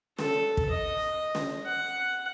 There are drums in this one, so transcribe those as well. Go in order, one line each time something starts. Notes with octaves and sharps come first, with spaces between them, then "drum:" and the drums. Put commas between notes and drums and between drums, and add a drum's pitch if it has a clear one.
A4, drum: snare
drum: kick
D#5
drum: snare
F#5